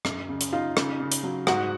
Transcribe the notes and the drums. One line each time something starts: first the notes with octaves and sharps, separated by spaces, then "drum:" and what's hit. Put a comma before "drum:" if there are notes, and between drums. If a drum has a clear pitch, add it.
F#2, drum: rim click
C#3
drum: hi-hat
D#4 F4 F5
C#3, drum: rim click
C#3
drum: hi-hat
F#3
G#2 F#4 F#5, drum: rim click